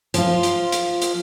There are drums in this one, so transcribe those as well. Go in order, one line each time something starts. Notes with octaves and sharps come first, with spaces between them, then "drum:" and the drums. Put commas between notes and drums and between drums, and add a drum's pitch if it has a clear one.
F3 F4, drum: hi-hat
drum: hi-hat
drum: hi-hat
drum: hi-hat